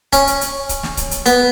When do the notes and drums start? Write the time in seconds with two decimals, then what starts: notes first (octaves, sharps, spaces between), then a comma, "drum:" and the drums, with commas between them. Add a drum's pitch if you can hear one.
0.13 C#4, drum: kick C#1, hi-hat
0.27 drum: hi-hat
0.41 drum: hi-hat
0.69 drum: kick C#1, hi-hat
0.83 drum: snare
0.97 drum: kick C#1, hi-hat
1.11 drum: hi-hat
1.26 B3, drum: hi-hat